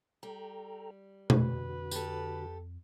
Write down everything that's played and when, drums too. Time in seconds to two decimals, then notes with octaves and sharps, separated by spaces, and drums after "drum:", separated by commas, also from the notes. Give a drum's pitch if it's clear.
0.23 G3 A4 G5 A#5
1.30 F2 D3 F#4 B4, drum: tom B2
1.91 G4 A4, drum: tambourine